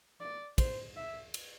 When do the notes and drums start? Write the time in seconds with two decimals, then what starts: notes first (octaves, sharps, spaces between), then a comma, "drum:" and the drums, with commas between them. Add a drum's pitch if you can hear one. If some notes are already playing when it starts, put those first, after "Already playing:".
0.20 D5
0.58 C5, drum: kick, cymbal
0.96 E5
1.34 drum: cymbal